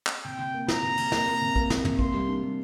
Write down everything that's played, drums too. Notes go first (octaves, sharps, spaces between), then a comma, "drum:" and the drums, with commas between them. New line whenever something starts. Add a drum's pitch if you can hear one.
drum: clap
C3 G5
C3
A#3
A#3 A#5, drum: snare
C3
C3, drum: cymbal
A#3, drum: snare
A#3
C3
A#3, drum: kick
C3, drum: snare
C3, drum: tom
A#3 C6, drum: kick
G3
D4
G3